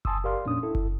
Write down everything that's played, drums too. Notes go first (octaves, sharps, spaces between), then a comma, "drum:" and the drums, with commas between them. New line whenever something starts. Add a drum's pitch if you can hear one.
G#5 A5 C6 D#6 E6, drum: kick F#1
G4 A#4 D5 F5 C6 F6
F2 A#2 C#4 D4 D#6
E4 A4
drum: kick F#1